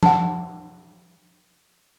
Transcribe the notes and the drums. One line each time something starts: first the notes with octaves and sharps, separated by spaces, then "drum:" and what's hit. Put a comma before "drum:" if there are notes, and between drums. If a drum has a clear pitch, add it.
F#5 A5, drum: tom F3